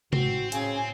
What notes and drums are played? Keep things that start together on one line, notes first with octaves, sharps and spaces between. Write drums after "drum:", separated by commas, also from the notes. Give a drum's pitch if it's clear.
G#1 A2 C4 F#4, drum: tom C3
A2 C#3 C#4 G#5, drum: hi-hat